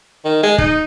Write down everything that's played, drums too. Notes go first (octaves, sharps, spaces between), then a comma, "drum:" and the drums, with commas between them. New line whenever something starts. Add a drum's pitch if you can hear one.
D#3
G#3
D#4, drum: kick